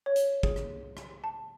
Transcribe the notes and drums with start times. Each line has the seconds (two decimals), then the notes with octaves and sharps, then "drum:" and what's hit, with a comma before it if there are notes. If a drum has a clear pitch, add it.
0.06 C#5
0.16 drum: hi-hat
0.43 G#4, drum: kick
0.56 drum: rim click
0.97 drum: rim click
1.24 A5